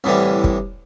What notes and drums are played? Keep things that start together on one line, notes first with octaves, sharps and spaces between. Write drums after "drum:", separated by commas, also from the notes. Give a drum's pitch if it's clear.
C2 A2 D3 E3 G3
drum: kick